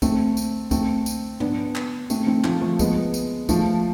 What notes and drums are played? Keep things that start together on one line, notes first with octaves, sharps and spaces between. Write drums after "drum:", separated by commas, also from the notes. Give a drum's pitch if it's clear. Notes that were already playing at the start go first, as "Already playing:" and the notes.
A3 C4, drum: kick, tambourine
drum: tambourine
A3 C4, drum: kick, tambourine
drum: tambourine
B3 D4, drum: tom
drum: clap
A3 C4, drum: tambourine
A3 C4
F3 A3, drum: clap
F3 A3
G#3 B3, drum: kick, tambourine
drum: tambourine
F3 A3, drum: kick, tambourine